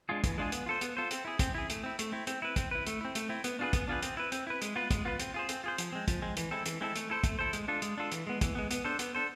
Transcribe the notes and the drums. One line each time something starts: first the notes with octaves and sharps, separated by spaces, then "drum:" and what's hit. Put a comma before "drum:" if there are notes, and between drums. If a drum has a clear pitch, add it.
G#3 D4 F4 G#4
E3, drum: kick, hi-hat
G#3 D4 F4 G#4
B3, drum: hi-hat
F4 A4 C5
B3, drum: hi-hat
F4 A4 C5
C4, drum: hi-hat
E4 G#4
C4, drum: kick, hi-hat
E4 G#4
A3, drum: hi-hat
C4 E4
A3, drum: hi-hat
C4 E4
C4, drum: hi-hat
E4 B4
C4, drum: kick, hi-hat
E4 B4
A3, drum: hi-hat
C4 E4
A3, drum: hi-hat
C4 E4
B3, drum: hi-hat
D4 F4 G#4 B4
B3, drum: kick, hi-hat
D4 F4 G#4 B4
C4, drum: hi-hat
E4 B4
C4, drum: hi-hat
E4 B4
G#3, drum: hi-hat
B3 F4 B4
G#3, drum: kick, hi-hat
B3 F4 B4
C4, drum: hi-hat
F4 G#4 C5
C4, drum: hi-hat
F4 G#4 C5
F3, drum: hi-hat
G#3 C4
F3, drum: kick, hi-hat
G#3 C4
E3, drum: hi-hat
G#3 C4 E4 A4
E3, drum: hi-hat
G#3 C4 E4 A4
A3, drum: hi-hat
E4 A4 C5
A3, drum: kick, hi-hat
E4 A4 C5
G#3, drum: hi-hat
D4 F4 A4
G#3, drum: hi-hat
D4 F4 A4
E3, drum: hi-hat
G#3 B3
E3, drum: kick, hi-hat
G#3 B3
B3, drum: hi-hat
D4 A4 C5
B3, drum: hi-hat
D4 A4 C5